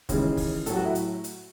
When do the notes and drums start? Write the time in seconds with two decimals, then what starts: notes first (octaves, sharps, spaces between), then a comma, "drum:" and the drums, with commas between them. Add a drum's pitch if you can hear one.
0.09 D#2 C#3 E3 G#3, drum: kick, hi-hat
0.37 drum: kick, open hi-hat
0.66 A2 F#3 A4, drum: hi-hat
0.76 F#4
0.85 E4
0.95 drum: hi-hat
1.24 drum: hi-hat